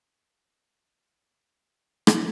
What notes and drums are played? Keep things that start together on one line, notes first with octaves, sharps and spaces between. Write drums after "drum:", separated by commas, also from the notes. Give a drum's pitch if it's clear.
F#2 A5
F#1 F3 G4
drum: rim click